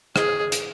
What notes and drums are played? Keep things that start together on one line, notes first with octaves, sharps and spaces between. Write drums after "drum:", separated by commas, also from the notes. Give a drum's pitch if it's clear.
G#4, drum: rim click
drum: hi-hat